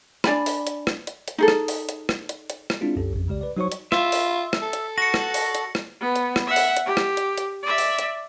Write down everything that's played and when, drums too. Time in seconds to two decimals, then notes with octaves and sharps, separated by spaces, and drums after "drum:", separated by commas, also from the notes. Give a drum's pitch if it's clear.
0.24 D4 D5 G#5 B5, drum: rim click
0.46 drum: open hi-hat
0.67 drum: hi-hat
0.87 drum: rim click
1.07 drum: hi-hat
1.28 drum: hi-hat
1.38 D#4 G#4 A4
1.48 drum: rim click
1.68 drum: open hi-hat
1.89 drum: hi-hat
2.09 drum: rim click
2.29 drum: hi-hat
2.50 drum: hi-hat
2.70 drum: rim click
2.81 G#3 C4 D4 E4 F4 G#4
2.97 C2 F#2 C#4 G4 A4
3.13 A1 F2
3.27 C2 C#3 G#3 G4 D5
3.41 B4 D5
3.57 F#3 D#4 F#4 C5 C#5 C#6
3.72 drum: hi-hat
3.92 F4 E5, drum: rim click
4.12 drum: open hi-hat
4.53 drum: rim click
4.62 A4
4.73 drum: hi-hat
4.98 F#4 A#6 C#7
5.14 drum: rim click
5.34 drum: open hi-hat
5.55 drum: hi-hat
5.75 drum: rim click
6.01 B3
6.16 drum: hi-hat
6.36 drum: rim click
6.47 E5 F#5
6.56 drum: open hi-hat
6.77 drum: hi-hat
6.86 G4
6.97 drum: rim click
7.17 drum: hi-hat
7.38 drum: hi-hat
7.63 D5 E5
7.78 drum: open hi-hat
7.99 drum: hi-hat